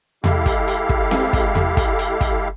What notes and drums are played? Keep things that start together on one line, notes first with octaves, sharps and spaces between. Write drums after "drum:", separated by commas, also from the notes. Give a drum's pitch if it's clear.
G#3 E4 G4 A4 F5, drum: tom E2
drum: kick, hi-hat
drum: hi-hat
drum: kick
drum: snare C4
drum: kick, hi-hat
drum: tom E2
drum: kick, hi-hat
drum: hi-hat
drum: kick, hi-hat